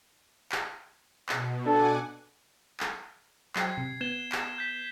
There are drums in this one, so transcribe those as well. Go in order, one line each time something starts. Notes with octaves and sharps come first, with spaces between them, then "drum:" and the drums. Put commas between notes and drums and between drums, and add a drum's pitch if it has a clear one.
drum: clap
B2, drum: clap
D4 A4 F#5 G#5 D6
drum: clap
F#3 C5 G5 G#6 C7, drum: clap
C3
B3 G#6 E7 G7
drum: clap
G6 B6